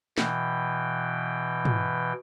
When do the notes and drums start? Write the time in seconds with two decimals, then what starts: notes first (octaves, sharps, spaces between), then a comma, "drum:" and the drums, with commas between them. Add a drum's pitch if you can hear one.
0.18 B2 E3 G5, drum: snare
1.65 drum: tom